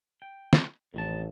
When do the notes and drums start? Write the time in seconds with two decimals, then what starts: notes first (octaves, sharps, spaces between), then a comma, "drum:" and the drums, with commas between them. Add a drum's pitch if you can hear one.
0.22 G5
0.53 drum: snare
0.94 A1 F2 D#3 A5